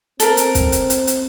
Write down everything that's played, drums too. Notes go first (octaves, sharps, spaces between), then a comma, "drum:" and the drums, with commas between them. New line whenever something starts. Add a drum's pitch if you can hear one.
C4 A4 A#4, drum: hi-hat
drum: hi-hat
drum: kick, hi-hat
drum: hi-hat
drum: hi-hat
drum: hi-hat